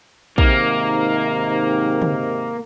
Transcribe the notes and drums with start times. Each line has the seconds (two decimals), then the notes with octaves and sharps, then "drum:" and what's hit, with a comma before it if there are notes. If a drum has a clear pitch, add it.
0.38 G#2 C3 D#3 A#3, drum: kick
2.02 drum: tom